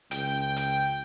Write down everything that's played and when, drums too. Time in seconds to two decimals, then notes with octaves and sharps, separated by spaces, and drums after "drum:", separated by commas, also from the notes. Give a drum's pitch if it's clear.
0.11 C#2 G5, drum: hi-hat
0.56 drum: hi-hat